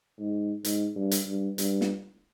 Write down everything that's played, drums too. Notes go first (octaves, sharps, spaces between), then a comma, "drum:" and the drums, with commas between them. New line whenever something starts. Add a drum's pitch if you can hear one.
G#2
G#2, drum: hi-hat
G2
drum: hi-hat
G2
G2, drum: hi-hat
drum: snare